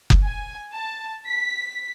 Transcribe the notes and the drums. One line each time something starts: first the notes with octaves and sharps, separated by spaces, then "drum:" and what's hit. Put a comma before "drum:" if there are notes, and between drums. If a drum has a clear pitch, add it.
drum: kick F#1
G#5
A5
B6